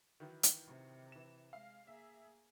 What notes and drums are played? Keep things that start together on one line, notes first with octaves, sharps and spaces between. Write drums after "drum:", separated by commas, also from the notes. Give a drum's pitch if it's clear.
D#3 E3 F#3
drum: hi-hat
C3
E3 E7
G#3 F5
A#3 G#4 E5